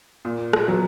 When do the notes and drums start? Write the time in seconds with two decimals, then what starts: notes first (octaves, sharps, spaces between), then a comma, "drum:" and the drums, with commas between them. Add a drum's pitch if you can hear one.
0.25 A#2
0.53 drum: rim click
0.68 F#3 B3